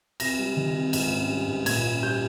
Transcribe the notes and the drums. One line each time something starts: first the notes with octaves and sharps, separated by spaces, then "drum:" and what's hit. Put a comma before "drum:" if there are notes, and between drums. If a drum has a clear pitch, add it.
C3 A#6, drum: cymbal
G3
D#3
C3
G#2, drum: cymbal
C#4
G3
G#2
A#2 G#6, drum: cymbal
C#4
G3 G6